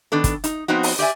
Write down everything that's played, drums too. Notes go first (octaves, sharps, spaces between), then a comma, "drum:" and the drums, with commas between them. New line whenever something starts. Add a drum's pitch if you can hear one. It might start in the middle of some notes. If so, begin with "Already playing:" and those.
D#3 B3 D4 A4
drum: kick, hi-hat
D#4, drum: hi-hat
F3 B3 C4 D#4 F#4
drum: open hi-hat
G4 D5 E5 G#5